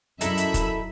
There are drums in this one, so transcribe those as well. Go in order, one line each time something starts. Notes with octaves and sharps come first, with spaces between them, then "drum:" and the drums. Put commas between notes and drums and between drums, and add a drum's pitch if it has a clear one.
F#2 D#4 E4 A4 E5 B5, drum: hi-hat
drum: hi-hat
drum: kick, hi-hat